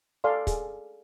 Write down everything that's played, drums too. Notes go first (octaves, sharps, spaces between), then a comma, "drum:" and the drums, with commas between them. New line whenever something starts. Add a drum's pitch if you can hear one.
A4 D5 F5 G#5 C6
G#4, drum: kick, hi-hat